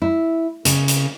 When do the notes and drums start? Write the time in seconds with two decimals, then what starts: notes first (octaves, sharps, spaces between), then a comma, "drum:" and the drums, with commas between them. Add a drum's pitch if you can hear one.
0.02 E4
0.65 C#3, drum: hi-hat
0.88 drum: hi-hat